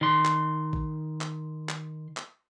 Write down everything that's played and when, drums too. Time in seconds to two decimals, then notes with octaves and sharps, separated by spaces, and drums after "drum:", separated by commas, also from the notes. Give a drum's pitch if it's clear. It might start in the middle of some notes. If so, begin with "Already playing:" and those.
0.01 D#3 C6
0.25 drum: clap
0.73 drum: kick A1
1.21 drum: clap
1.69 drum: clap
2.17 drum: clap